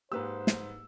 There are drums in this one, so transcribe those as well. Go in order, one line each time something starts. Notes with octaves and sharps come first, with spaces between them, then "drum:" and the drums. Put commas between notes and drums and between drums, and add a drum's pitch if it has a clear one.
G#2 A#3 G4 B4 C5 E6
drum: snare